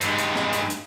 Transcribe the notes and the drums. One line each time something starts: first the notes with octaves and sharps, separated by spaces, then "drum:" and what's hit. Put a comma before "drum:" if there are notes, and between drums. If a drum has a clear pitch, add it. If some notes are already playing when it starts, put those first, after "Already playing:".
G2 G#3, drum: hi-hat
drum: hi-hat
drum: snare
drum: hi-hat
drum: hi-hat